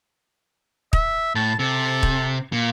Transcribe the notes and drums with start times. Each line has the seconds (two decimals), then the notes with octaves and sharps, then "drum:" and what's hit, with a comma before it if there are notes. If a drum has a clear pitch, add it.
0.93 E5, drum: kick
1.35 A2 A5
1.59 C3 A4
2.03 drum: kick
2.52 A#2